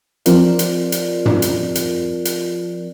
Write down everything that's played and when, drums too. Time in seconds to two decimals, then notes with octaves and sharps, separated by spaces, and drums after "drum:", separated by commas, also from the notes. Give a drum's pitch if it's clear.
0.26 F3 C4 F4 A#4 D5, drum: hi-hat
0.59 drum: hi-hat
0.92 drum: hi-hat
1.25 drum: tom
1.42 drum: hi-hat
1.75 drum: hi-hat
2.25 drum: hi-hat